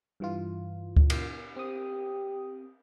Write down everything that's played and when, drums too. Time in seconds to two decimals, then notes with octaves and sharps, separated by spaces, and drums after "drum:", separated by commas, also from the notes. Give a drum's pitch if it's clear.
0.20 G2 E3 F4
0.97 drum: kick D2
1.10 drum: cymbal
1.56 C4 G4 D#6